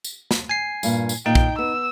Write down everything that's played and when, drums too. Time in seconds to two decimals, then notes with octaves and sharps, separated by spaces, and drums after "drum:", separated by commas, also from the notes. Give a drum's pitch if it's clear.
0.04 drum: tambourine
0.31 drum: snare
0.49 G#5 C7
0.83 G2 A#2, drum: tambourine
1.09 drum: tambourine
1.26 D#2 A#2 D#4 G5
1.35 drum: kick
1.59 B3 E6